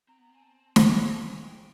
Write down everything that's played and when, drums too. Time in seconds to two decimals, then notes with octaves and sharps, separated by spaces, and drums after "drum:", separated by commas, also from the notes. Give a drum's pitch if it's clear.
0.08 C4 A#5
0.18 B3
0.30 C4 G#5
0.42 A5
0.76 C#4 A#5, drum: snare
0.98 A5
1.09 B3
1.21 G#5
1.44 A#3 G5